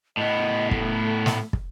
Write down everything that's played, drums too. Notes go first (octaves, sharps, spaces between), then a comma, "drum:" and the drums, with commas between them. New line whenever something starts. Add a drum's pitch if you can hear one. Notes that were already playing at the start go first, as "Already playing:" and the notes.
A2 B3 D#5
A3, drum: kick
drum: snare
drum: kick